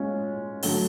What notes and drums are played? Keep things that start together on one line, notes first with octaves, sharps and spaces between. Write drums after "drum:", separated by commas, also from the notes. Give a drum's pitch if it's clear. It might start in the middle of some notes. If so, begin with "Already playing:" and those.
Already playing: G#3 C#4 F4
D3 F#3 A3, drum: open hi-hat